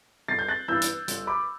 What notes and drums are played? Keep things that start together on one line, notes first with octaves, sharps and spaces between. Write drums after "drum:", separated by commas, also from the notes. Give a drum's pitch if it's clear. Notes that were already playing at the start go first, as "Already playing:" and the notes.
G1 A6 C7
G6
F#6 A6
G2 E3 B3 E4 E6 G6
drum: hi-hat
G1, drum: hi-hat
B5 D6